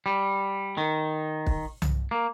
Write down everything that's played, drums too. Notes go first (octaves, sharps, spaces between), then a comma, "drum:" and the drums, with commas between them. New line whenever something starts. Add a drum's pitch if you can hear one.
G3
D#3
drum: kick
drum: tom C2
A#3